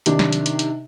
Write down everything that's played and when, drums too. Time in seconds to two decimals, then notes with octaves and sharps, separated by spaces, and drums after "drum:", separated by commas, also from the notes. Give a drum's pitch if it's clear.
0.06 C3 D#3 D4, drum: hi-hat
0.19 drum: snare
0.33 drum: hi-hat
0.46 drum: hi-hat
0.59 drum: hi-hat